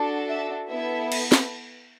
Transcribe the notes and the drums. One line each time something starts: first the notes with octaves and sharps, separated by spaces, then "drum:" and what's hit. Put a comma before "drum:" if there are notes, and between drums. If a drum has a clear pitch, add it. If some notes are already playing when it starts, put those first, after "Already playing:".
Already playing: D4 F#4 A4
E5
B3 E4 A4 E5
drum: cymbal
drum: snare